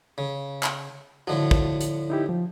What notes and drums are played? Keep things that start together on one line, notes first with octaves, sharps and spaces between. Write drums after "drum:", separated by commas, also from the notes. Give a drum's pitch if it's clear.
C#3
drum: clap
A2 D3 F3 F#4
drum: kick
drum: hi-hat
D#4 E4 G4
F3